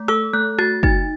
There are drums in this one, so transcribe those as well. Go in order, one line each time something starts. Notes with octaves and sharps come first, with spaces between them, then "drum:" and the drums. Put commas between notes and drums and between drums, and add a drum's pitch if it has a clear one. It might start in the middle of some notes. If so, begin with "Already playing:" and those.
Already playing: A3
A4 E6, drum: rim click
A3 F#6
F#4 A6, drum: rim click
D#4 A6, drum: kick